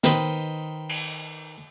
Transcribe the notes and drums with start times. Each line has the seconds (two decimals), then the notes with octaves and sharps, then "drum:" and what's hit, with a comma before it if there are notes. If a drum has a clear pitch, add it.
0.04 D#3 B4 C5 D#5 B5, drum: snare
0.89 drum: cymbal